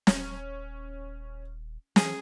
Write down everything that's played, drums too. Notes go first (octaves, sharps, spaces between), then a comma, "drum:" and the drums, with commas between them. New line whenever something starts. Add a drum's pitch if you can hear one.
D#1 C#4, drum: snare
E3 G#4, drum: snare